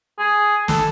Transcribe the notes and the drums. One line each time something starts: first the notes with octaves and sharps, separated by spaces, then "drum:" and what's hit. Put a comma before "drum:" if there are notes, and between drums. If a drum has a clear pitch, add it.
G#4
A4, drum: snare